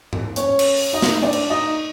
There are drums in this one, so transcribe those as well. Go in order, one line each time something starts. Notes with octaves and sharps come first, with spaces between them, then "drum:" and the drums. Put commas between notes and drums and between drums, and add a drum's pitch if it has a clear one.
drum: tom G#2
C#4 C#5, drum: hi-hat
drum: cymbal
drum: open hi-hat
D#4 D#5
drum: snare
D4 D5
drum: cymbal
D#4 D#5